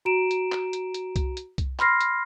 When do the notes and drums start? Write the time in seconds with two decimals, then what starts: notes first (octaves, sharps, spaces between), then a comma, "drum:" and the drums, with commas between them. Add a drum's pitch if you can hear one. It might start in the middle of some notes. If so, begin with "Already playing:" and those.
0.05 F#4 A#5 D7 E7
0.31 drum: hi-hat
0.52 drum: clap
0.73 drum: hi-hat
0.94 drum: hi-hat
1.16 drum: kick C2, hi-hat
1.37 drum: hi-hat
1.58 drum: kick C2, hi-hat
1.79 B5 C6 F6 A#6 C7, drum: clap
2.01 drum: hi-hat